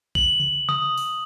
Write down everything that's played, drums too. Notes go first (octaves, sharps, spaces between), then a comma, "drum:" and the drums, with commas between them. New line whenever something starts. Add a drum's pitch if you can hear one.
F#7, drum: kick A#1
drum: tom C3
D#6, drum: tom C3
drum: open hi-hat